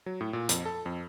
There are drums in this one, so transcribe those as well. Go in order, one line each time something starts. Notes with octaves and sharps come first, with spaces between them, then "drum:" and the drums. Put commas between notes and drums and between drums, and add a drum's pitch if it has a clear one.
F#3
A2
A#2
F2, drum: hi-hat
A4
F2